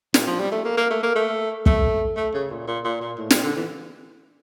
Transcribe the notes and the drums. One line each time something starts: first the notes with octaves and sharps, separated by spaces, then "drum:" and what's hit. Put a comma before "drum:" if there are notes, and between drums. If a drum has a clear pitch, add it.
A#2, drum: snare
F3
G3
A3
A#3
A#3
A3
A#3
A3
A3, drum: kick
A3
C#3
A#2
A#2
A#2
A#2
A2
A#2, drum: snare
D3
E3